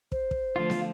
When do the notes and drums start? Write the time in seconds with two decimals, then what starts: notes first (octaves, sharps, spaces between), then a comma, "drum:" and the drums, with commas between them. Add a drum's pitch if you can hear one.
0.12 C5, drum: kick
0.31 drum: kick
0.56 D3 F3 A3 F4
0.70 drum: snare B3